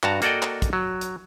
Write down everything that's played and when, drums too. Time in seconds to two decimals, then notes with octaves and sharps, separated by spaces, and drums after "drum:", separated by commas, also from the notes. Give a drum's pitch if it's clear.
0.03 G2 F#4 A5 A#5, drum: clap
0.22 A#3 F#4 A4 D5 D#5 G5, drum: hi-hat
0.42 drum: clap
0.62 drum: kick, hi-hat
0.73 F#3
1.01 drum: hi-hat